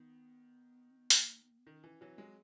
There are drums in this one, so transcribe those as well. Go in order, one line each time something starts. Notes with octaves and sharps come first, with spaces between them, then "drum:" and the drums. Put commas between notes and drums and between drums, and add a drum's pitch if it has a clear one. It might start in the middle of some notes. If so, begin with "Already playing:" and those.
Already playing: D#3 B3
C4
B3
drum: open hi-hat
A#3
B3
A#3
B3
D#3 C#4
E3
E3 F#3 C4
F#3 G#3